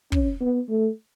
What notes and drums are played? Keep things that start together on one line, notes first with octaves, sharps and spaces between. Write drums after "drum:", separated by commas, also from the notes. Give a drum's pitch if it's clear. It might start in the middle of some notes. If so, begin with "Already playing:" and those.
C#4, drum: kick
B3
A3